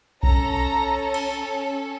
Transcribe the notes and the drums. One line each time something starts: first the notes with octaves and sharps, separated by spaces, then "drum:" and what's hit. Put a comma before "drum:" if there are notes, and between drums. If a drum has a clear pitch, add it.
C#4 A4 A#5, drum: kick B1
drum: cymbal